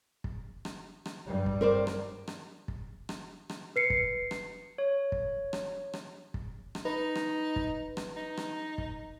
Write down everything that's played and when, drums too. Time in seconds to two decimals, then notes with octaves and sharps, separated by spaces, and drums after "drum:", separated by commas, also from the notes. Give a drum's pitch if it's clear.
0.24 drum: kick
0.65 drum: rim click
1.06 drum: rim click
1.26 G2 G3
1.46 drum: kick
1.61 A#4 C5 D5
1.87 drum: rim click
2.28 drum: rim click
2.68 drum: kick
3.09 drum: rim click
3.49 drum: rim click
3.76 B4 C7 C#7
3.90 drum: kick
4.31 drum: rim click
4.78 C#5
5.12 drum: kick
5.53 drum: rim click
5.93 drum: rim click
6.34 drum: kick
6.75 drum: rim click
6.85 D#4 B4
7.15 drum: rim click
7.56 drum: kick
7.97 drum: rim click
8.16 D#4
8.37 drum: rim click
8.78 drum: kick